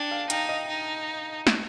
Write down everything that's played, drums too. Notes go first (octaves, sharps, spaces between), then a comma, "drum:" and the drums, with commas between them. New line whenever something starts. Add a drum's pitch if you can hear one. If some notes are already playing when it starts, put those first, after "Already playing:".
Already playing: D4 G5 A5
F5 G5
D#4 F5 G5, drum: hi-hat
D#5 F5
D#4
drum: snare